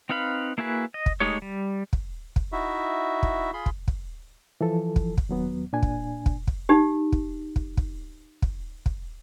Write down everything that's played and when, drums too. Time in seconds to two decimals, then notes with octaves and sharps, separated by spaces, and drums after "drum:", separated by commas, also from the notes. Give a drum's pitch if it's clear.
0.09 C4 D#4 B4 F5 B5
0.58 A#3 E4 F#4 G#4 B4
0.94 D#5
1.06 drum: kick
1.20 G#3 A3 D#4 G4 C#5
1.42 G3
1.93 drum: kick
2.36 drum: kick
2.52 D#4 E4 F#4 E5
3.23 drum: kick
3.53 F4 G#4 B5 C6
3.66 drum: kick
3.88 drum: kick
4.61 E3 F3 A4
4.96 drum: kick
5.18 drum: kick
5.29 D#2 F#3 B3
5.73 A#2 D4 G#5
5.83 drum: kick
6.26 drum: kick
6.47 drum: kick
6.69 D#4 G4
7.12 drum: kick
7.56 drum: kick
7.77 drum: kick
8.42 drum: kick
8.86 drum: kick